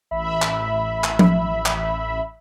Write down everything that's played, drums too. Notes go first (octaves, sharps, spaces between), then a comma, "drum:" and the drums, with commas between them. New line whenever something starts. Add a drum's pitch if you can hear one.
A1 E5 B5
drum: clap
drum: clap
drum: tom F3
drum: clap